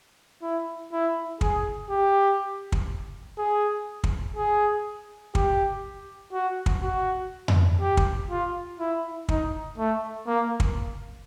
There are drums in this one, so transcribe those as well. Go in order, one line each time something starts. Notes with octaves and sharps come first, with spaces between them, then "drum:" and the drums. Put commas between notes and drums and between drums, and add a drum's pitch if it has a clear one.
E4
E4
G#4, drum: kick
G4
drum: kick
G#4
drum: kick
G#4
G4, drum: kick
F#4
drum: kick
F#4
drum: tom F2
G4
drum: kick
F4
E4
D#4, drum: kick
A3
A#3
drum: kick